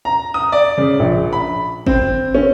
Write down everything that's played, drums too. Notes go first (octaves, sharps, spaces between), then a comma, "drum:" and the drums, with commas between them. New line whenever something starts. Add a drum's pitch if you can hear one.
A#5
D#6
D5
C#3
A#1
B5
C4, drum: kick G1
C#4